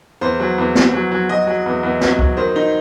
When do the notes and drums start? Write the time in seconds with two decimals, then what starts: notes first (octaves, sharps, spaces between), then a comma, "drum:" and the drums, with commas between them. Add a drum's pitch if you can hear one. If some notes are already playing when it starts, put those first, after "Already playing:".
0.21 E2 C5
0.40 F#3
0.58 E2
0.75 E2, drum: snare
0.94 F#3
1.11 F#3
1.29 F#3 D#5
1.47 F#3
1.66 E2
1.83 E2
2.01 F#3, drum: snare
2.19 F#3, drum: kick C#2
2.37 D#3 C5
2.55 D#3 D#4